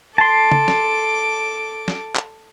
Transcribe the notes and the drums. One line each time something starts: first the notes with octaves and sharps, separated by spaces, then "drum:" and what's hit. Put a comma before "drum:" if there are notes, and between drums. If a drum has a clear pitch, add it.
A4 A5 C6 D6
drum: tom
drum: snare
drum: snare
drum: clap